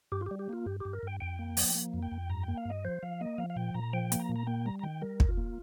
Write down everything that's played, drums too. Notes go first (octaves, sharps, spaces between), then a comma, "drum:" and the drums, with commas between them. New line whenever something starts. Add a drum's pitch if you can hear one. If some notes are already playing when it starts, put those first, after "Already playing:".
G2 G4
F4
G4
G3
G4
A#3 F4
G2 G4
G2 G4
A#4
G2 G5
F2 G5
A#3
F3, drum: open hi-hat
A#3
F2
G5
F2
G2 A#5
A#3 G5
F5
G2 D#5
F3 C5
F3 F5
A#3 D#5
F3 F5
F5
A#2 G5
A#2 A#5
F3 G5
A#3, drum: hi-hat
A#5
A#2
A#5
A#3 G5
G3 A#5
A#5
D#3 G5
G3 A#4
D#2, drum: kick
F4
A#3